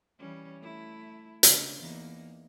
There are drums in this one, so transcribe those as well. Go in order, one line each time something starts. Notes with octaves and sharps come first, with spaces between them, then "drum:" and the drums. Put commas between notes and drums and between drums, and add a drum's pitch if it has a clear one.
E3 G3 C#4
A3 E4
C#3 D4 D#5, drum: hi-hat
E2 A#3 D#4